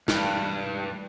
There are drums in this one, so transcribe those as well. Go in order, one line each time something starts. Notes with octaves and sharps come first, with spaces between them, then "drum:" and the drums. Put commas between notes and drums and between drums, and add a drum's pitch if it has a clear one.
G2, drum: snare